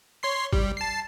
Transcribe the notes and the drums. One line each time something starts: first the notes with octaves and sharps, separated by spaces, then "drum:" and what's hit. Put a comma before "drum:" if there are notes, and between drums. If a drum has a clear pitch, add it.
C#5 C6 C7
G3, drum: kick
A5 C7